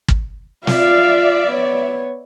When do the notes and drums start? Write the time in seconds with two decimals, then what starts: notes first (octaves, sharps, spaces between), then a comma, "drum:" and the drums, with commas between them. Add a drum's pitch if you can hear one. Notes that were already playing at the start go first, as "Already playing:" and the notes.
0.08 drum: kick
0.67 F4 D5 E5 F5, drum: snare
1.48 B3 C#5